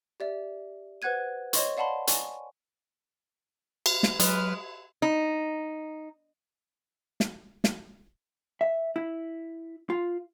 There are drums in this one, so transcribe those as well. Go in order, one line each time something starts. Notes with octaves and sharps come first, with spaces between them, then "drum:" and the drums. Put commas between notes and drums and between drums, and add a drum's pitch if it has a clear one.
G4 D5 E5
B4 C5 F#5 F#6 G#6 D#7
C#5 D#5 C6 C#6, drum: hi-hat
D5 F5 F#5 A5 B5 C6
G#5 C#6, drum: hi-hat
drum: cymbal
drum: snare
F#3 G#3 B4 F6, drum: hi-hat
D#4
drum: snare
drum: snare
E5
E4
F4